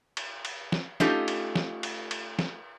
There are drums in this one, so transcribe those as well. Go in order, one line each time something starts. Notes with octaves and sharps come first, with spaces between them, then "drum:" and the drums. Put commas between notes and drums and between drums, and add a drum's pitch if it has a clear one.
drum: cymbal
drum: cymbal
drum: snare
A3 C#4 D#4 F4 G4 A4, drum: snare
drum: cymbal
drum: snare
drum: cymbal
drum: cymbal
drum: snare